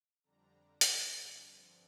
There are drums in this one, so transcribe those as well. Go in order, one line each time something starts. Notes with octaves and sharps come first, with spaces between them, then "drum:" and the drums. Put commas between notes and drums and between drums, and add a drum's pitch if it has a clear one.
F2 D3 G3 D4 A#5
G5, drum: hi-hat
G2 D3 F3 C4